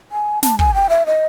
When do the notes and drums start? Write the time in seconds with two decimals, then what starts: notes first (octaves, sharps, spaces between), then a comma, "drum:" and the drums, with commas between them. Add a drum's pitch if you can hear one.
0.12 G#5
0.43 A5, drum: snare
0.59 G#5, drum: kick
0.74 G5
0.90 E5
1.06 D#5